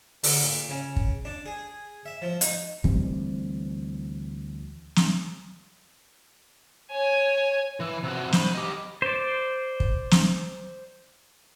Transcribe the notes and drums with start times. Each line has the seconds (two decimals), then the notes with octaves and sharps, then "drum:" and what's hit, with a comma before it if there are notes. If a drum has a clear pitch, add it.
0.23 D3, drum: open hi-hat
0.42 A#2
0.69 C#3
0.96 drum: kick
1.25 D4
1.46 G#4
2.06 E5
2.22 F3
2.41 D#4, drum: hi-hat
2.84 D2 E3 G3 C4, drum: kick
4.96 drum: snare
6.92 C#5 G#5
7.80 E3
8.03 C3 F#4
8.32 C5 B5, drum: snare
8.55 G4 D#5
9.02 C5 D5
9.80 drum: kick
10.11 drum: snare